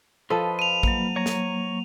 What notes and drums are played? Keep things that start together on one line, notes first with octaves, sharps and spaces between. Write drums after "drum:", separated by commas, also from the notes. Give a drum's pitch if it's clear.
F3 F4 A4 B4 D#5
D#7 F7
F#3 A#3, drum: kick A1
C#5 A#5
drum: snare